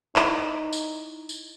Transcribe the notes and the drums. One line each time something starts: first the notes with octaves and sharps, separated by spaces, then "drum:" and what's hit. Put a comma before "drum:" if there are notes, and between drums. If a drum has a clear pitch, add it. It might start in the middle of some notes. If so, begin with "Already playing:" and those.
D#4 E4 C#5 D5, drum: clap
drum: tambourine
drum: tambourine